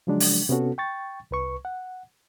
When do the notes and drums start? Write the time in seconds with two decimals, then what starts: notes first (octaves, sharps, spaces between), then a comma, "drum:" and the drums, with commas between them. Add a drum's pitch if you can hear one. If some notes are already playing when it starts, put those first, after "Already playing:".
0.07 C#3 F3 F#3 G#3 D4
0.20 drum: open hi-hat
0.49 C3 B3 C#4 F#4 A4
0.78 G5 C#6 A6
1.31 C2 B4 C#6
1.65 F#5